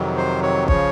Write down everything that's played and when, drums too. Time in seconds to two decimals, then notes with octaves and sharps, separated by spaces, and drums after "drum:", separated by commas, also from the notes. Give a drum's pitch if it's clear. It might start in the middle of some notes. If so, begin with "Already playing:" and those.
Already playing: F2 C3 D#3 F#3
0.17 C5
0.43 C#5
0.68 C#3 F3 C#5, drum: kick